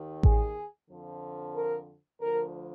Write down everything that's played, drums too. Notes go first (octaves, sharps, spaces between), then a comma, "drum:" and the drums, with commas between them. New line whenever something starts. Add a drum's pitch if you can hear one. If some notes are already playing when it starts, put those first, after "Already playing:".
Already playing: D#2 D#3
G#4, drum: kick A1
F2 D3 F3
A#4
D2 D3 F3 A#4